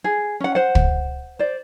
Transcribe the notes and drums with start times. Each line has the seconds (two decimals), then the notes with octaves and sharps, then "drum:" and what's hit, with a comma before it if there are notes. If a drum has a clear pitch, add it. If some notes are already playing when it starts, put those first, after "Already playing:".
0.04 G#4
0.40 C#4 F#5
0.55 C5 F#5
0.75 drum: kick
1.39 C5 D5